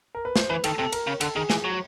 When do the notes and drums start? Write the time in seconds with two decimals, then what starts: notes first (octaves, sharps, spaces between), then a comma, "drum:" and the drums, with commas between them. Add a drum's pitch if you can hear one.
0.15 A#4
0.25 B4
0.36 C5, drum: snare
0.50 E3 B4
0.64 D#3 A4, drum: cymbal
0.79 C3 A4
0.92 A#4, drum: cymbal
1.07 C#3
1.21 D3 A4, drum: cymbal
1.36 D#3 G#4
1.50 E3, drum: snare
1.64 F#3